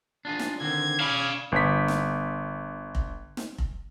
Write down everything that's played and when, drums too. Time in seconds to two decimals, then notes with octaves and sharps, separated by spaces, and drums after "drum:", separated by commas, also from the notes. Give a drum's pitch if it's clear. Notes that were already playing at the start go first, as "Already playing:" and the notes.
0.25 D4 F4 G#4
0.39 drum: snare
0.61 D3 D#3 C4 G#6
1.00 C#4 D5 F5 B5
1.52 G1 B6
1.88 drum: snare
2.95 drum: kick F1
3.37 drum: snare
3.58 drum: kick F1